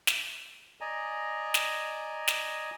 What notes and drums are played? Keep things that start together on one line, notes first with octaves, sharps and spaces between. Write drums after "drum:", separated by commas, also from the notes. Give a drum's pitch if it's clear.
drum: snare
D5 D#5 G#5 A#5
drum: snare
drum: snare